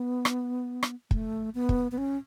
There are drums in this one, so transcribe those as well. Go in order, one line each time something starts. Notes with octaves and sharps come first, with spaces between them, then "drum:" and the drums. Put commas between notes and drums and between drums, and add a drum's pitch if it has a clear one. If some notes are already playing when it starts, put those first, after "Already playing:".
Already playing: B3
drum: rim click
drum: rim click
A3, drum: kick
B3
drum: kick
B3
C#4